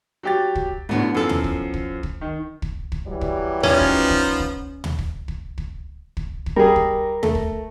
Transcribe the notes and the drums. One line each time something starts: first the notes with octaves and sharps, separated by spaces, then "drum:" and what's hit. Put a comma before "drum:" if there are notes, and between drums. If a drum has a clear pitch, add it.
F#3 G4 A6
drum: kick
C2 A2 D3 B3 F#4
F#2 F3 A4
drum: tom
drum: kick
drum: kick
drum: kick
D#3
drum: kick
drum: kick
E3 F#3 G3
drum: kick
F3 B3 C#4 D#4 F4, drum: tom
drum: kick
drum: kick
drum: kick
drum: tom
drum: kick
drum: kick
drum: kick
drum: kick
drum: kick
G3 G#4 A#4
drum: kick
A3, drum: tom
drum: kick